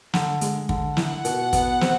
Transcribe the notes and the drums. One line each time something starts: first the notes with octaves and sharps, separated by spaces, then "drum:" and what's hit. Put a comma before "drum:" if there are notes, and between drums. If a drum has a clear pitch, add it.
D3, drum: snare
G#3, drum: hi-hat
D3, drum: kick
E4 F#5, drum: snare
B2, drum: hi-hat
B3, drum: kick, hi-hat
C4, drum: snare